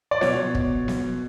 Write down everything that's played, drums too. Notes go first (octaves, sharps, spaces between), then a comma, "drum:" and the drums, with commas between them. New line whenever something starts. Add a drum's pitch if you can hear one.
D5
B2 C#5, drum: snare B3
drum: kick
drum: snare B3